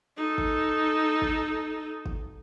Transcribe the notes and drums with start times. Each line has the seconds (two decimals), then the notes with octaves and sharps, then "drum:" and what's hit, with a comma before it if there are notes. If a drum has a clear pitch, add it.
0.17 D#4 A4
0.38 drum: kick
1.22 drum: kick
2.06 drum: kick